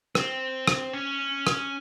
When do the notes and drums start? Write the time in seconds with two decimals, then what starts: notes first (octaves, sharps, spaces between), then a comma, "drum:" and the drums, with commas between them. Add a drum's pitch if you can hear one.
0.15 C4, drum: rim click
0.68 drum: rim click
0.93 C#4
1.47 drum: rim click